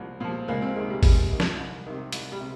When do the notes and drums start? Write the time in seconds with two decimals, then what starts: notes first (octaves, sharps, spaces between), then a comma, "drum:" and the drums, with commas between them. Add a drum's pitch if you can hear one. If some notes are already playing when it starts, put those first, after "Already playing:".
Already playing: C2 A#2 F3
0.20 A#2 F3
0.48 C#2 A#3
0.62 C4
0.76 C3 D#3 G#3
0.90 G3
1.03 C#2 G3, drum: kick, open hi-hat
1.31 C3 D#3
1.40 drum: snare
1.58 C2
1.86 C3 D#3
2.13 C2, drum: hi-hat
2.32 G3
2.41 C3